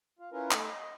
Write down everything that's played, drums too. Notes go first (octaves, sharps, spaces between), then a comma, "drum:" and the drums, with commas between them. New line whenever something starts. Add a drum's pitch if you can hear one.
F4
C#4 E4 F4 A#4 B4
A3 D#4 A4, drum: clap
D#5